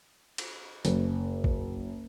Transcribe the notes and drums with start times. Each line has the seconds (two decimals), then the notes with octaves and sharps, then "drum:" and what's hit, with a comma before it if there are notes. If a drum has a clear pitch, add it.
0.38 drum: cymbal
0.85 F#1, drum: hi-hat
1.44 drum: kick A1